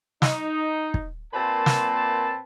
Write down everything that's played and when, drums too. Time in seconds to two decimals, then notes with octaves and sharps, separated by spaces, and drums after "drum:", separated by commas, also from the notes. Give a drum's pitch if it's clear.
0.22 D#4, drum: snare
0.94 drum: kick
1.34 A#2 A#3 C4 B4 A5
1.66 drum: snare